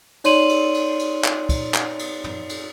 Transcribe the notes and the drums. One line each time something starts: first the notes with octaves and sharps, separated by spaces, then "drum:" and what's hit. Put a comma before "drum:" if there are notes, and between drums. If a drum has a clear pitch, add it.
D#4 C#5 D5 C6 D#7 F#7, drum: cymbal
drum: cymbal
drum: cymbal
drum: cymbal
drum: clap
drum: kick, cymbal
drum: clap
drum: cymbal
drum: tom
drum: cymbal